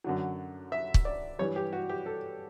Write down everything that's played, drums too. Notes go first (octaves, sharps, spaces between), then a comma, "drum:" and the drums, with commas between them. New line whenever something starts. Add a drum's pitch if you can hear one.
F#2 D3 F#3
E5
drum: kick
D5
G2 E3 G3 C#5
G4
F#4
G4
A4